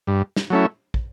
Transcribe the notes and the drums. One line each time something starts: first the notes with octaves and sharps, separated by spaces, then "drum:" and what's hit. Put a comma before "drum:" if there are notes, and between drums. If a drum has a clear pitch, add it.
G2
drum: snare
F#3 A3 C#4 E4
drum: kick